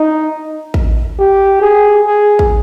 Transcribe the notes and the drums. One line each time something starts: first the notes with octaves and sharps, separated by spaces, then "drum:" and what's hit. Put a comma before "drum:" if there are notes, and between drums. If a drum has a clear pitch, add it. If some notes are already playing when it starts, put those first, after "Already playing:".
Already playing: D#4
drum: kick A1
G4
G#4
G#4
drum: kick A1